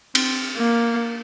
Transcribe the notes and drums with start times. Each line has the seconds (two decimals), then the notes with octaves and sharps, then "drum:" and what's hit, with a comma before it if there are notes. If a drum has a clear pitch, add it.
0.15 C4, drum: cymbal
0.58 A#3